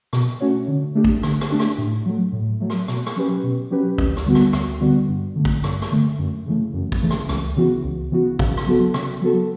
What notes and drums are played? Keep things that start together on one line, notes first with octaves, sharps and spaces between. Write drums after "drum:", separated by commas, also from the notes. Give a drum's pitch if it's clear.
B2, drum: rim click
A3 C#4 F#4 C#5
D3
A3 D4 G4
drum: kick
D3, drum: rim click
drum: rim click
A3 D4 G4
drum: rim click
A2
F#3 A3
A2
F#3 A3
drum: rim click
B2, drum: rim click
drum: rim click
F#3 C#4 G4 B4
B2
F#3 C#4 G4 B4
D2, drum: kick
drum: rim click
D3 G3 B3 F#4
drum: rim click
D2, drum: rim click
D3 G3 B3 F#4
G2
D3 A3
drum: kick
G2, drum: rim click
drum: rim click
D3 A3
F#2
C#3 E3 A3
F#2
drum: kick
C#3 E3 A3
drum: rim click
C#2, drum: rim click
C#3 E3 B3 F#4
C#2
C#3 E3 B3 F#4
C#3, drum: kick
drum: rim click
F#3 B3 F#4 A4
C#3, drum: rim click
F#3 B3 F#4 A4